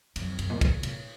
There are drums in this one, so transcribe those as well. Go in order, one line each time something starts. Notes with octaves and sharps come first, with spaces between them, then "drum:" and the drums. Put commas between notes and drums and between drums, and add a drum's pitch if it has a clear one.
F#2, drum: cymbal
F2
F#2, drum: cymbal
A#2
A#2, drum: kick, cymbal
A#2, drum: cymbal